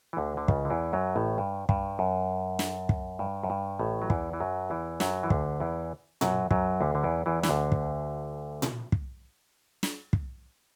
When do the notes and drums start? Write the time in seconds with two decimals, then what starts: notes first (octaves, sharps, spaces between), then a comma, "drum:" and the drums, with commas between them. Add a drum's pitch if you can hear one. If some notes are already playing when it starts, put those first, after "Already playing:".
0.13 E3
0.17 D2 D3
0.37 D3
0.48 C#2 C#3, drum: kick
0.65 D3
0.70 E2 E3
0.93 F#2 F#3
1.16 A1 A2
1.38 G2
1.69 G2, drum: kick
1.99 F#2
2.59 drum: snare
2.89 drum: kick
3.19 G2
3.43 F#2
3.50 G2
3.79 A1 A2
4.02 F#3
4.10 E2 E3, drum: kick
4.33 E3
4.40 F#2 F#3
4.70 E2 E3
5.00 F#2 F#3, drum: snare
5.23 E3
5.30 D2 D3, drum: kick
5.60 E2 E3
6.21 F#2 F#3, drum: tom A#2
6.51 F#2 F#3, drum: kick
6.81 D2 D3
6.95 D3
7.03 E2 E3
7.26 E2 E3
7.43 E3, drum: snare
7.49 D2 D3
7.72 drum: kick
8.62 drum: tom A#2
8.92 drum: kick
9.83 drum: snare
10.13 drum: kick